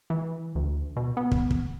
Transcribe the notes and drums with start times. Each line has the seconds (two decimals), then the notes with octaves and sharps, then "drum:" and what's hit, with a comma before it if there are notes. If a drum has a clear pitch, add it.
0.10 E3
0.55 D2
0.96 B2
1.17 B3
1.31 drum: kick
1.51 drum: kick